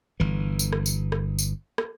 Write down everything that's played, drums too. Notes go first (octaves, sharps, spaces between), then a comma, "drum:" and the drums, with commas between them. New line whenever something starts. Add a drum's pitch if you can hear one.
G1 E3
drum: tambourine
drum: rim click
drum: tambourine
drum: rim click
drum: tambourine
drum: rim click